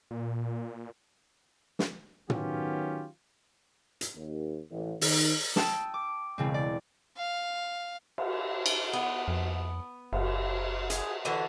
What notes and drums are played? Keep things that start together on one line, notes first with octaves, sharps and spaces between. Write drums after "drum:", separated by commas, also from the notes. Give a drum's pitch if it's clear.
A#2
drum: snare
D#3 F#3 B3 C#4 F4 G4, drum: tom
drum: hi-hat
D#2
A1
D#3, drum: open hi-hat
G5 A5 D#6 E6, drum: snare
D6
E1 C#3 C4
D5
F5
drum: cymbal
drum: cymbal
B3
F2
F#1, drum: cymbal
G#4, drum: hi-hat
D3 E3 F#4